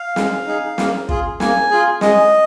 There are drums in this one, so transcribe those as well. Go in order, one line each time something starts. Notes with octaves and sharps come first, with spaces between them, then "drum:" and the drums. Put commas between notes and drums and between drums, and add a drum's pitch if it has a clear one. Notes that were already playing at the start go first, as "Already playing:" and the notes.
Already playing: F5
G#3, drum: snare
D#4 G#4
A#3, drum: snare
F4 G#4, drum: kick
A#3 G#5, drum: snare
F4 G#4
G#3 D#5, drum: snare